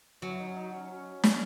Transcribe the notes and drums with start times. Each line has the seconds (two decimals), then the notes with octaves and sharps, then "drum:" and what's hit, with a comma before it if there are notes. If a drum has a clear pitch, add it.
0.22 F#3 C#4
0.30 E4
0.39 D#4
0.47 C#4
0.56 D#4
0.73 C#4
0.90 C#4
1.23 C#4, drum: snare